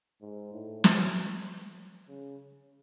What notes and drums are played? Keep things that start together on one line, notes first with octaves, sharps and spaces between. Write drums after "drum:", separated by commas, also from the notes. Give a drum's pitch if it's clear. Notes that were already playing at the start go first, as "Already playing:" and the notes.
G#2
A2
F#3, drum: snare
C#3